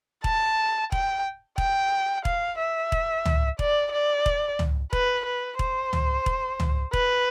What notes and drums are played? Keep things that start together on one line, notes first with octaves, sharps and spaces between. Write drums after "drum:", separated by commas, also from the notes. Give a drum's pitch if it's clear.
A5, drum: kick E1
G5, drum: kick E1
G5, drum: kick E1
F5, drum: kick E1
E5
drum: kick E1
drum: tom C#2
D5, drum: kick E1
D5
drum: kick E1
drum: tom C#2
B4, drum: kick E1
B4
C5, drum: kick E1
drum: tom C#2
drum: kick E1
drum: tom C#2
B4, drum: kick E1